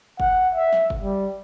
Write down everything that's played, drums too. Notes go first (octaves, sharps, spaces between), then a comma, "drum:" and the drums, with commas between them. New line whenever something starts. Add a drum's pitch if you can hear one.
F#5, drum: kick
E5
drum: snare
drum: kick
G3